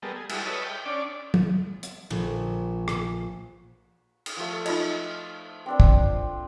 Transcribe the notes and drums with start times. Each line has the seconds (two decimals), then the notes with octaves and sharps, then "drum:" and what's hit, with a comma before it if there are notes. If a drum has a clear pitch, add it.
0.02 G3 G#3 B3 A4 A#4
0.16 G#4
0.29 G3 G#3 E4 F#4 A4, drum: cymbal
0.45 B4 C#5 D#5 E5 A5
0.64 G5
0.86 C#4 D4 D5
1.34 drum: tom
1.83 drum: hi-hat
2.10 A#1, drum: cymbal
2.88 drum: rim click
4.26 drum: cymbal
4.37 F3 A3
4.66 D#4 F4 D#5 A5, drum: cymbal
5.66 C4 D4 C5
5.80 drum: kick